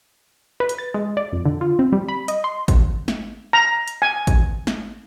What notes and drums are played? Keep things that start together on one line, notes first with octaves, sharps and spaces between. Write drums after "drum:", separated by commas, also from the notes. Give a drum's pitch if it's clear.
B4
drum: hi-hat
A6
G#3
D5
F2
D3
F4
C4
G3
B5
D#5, drum: hi-hat
C6
drum: kick G#1, hi-hat
drum: snare
A#5
drum: hi-hat
G#5
drum: kick G#1, hi-hat
drum: snare